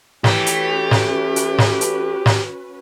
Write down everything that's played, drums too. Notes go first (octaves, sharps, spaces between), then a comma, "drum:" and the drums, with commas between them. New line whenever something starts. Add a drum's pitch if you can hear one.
E3 A3 C#4 F#4 G4 B4, drum: snare
drum: hi-hat
drum: snare
drum: hi-hat
drum: snare
drum: hi-hat
drum: snare